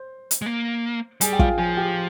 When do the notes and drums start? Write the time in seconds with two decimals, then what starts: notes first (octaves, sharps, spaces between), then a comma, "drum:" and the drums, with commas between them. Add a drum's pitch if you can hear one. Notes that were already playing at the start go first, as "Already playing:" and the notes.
Already playing: C5
0.31 drum: hi-hat
0.42 G#3
0.46 A#3
1.21 G3 G#4 G#5, drum: hi-hat
1.33 G5
1.39 F4 F5, drum: kick
1.58 F3 G#4 G#5
1.77 G4 G5